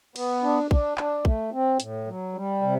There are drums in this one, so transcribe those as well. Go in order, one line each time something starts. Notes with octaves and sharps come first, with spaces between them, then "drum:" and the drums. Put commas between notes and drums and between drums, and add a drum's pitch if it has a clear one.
B3, drum: cymbal
D4
D4, drum: kick
D4, drum: clap
A3, drum: kick
C4
A2, drum: hi-hat
F#3
G3
C3